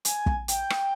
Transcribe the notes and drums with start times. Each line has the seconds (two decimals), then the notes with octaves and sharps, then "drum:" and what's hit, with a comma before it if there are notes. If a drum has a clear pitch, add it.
0.05 G#5, drum: hi-hat
0.26 drum: kick
0.48 G5, drum: hi-hat
0.70 drum: rim click